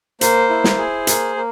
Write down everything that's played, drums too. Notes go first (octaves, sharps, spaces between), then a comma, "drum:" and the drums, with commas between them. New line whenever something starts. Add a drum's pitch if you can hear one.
A#3 C5, drum: hi-hat
E4
drum: snare
G#4
A#3, drum: hi-hat
A#3